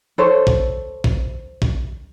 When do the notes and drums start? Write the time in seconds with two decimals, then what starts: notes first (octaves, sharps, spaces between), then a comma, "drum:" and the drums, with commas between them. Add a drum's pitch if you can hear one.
0.18 A4 C5 C#5
0.47 drum: kick
1.04 drum: kick
1.62 drum: kick